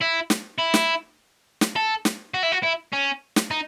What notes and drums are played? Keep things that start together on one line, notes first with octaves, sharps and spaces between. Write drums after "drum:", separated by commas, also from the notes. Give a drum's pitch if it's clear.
E4
drum: snare
E4
drum: snare
drum: snare
A4
drum: snare
F#4
E4
F#4
E4
C#4
drum: snare
D#4